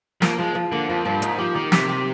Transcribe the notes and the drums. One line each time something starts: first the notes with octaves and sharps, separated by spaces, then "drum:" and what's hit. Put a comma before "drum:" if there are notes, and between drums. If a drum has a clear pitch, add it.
F3 A#3, drum: snare
F3 G#3
F3
D3 A#3
F2 F3
G2 F3
G#2 D#4, drum: hi-hat
F3 G4
D#3 G4
C3 G4, drum: snare
G4